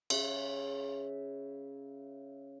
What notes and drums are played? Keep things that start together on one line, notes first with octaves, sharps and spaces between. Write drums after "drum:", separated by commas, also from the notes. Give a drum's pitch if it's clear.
C#3 C#5 E5, drum: cymbal